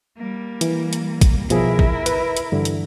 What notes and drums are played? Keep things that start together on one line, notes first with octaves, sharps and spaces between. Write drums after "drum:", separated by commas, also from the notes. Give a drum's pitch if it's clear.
G3 A#3
E3, drum: hi-hat
drum: hi-hat
drum: kick, hi-hat
B2 F3 E4 G#4 A#4, drum: hi-hat
drum: kick
B4, drum: hi-hat
drum: hi-hat
G2 D3 E3
drum: hi-hat